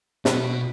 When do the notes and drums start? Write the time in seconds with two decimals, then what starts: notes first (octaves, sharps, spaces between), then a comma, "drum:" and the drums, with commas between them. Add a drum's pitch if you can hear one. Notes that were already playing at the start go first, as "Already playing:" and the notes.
0.25 B2, drum: snare